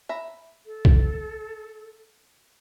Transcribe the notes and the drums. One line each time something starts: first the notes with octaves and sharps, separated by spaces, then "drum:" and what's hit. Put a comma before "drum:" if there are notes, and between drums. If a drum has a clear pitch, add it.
E5 A#5 B5
A4
drum: kick B1